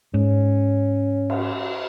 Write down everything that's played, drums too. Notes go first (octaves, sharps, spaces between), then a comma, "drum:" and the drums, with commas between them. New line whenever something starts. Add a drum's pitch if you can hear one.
G#2 C#4
drum: cymbal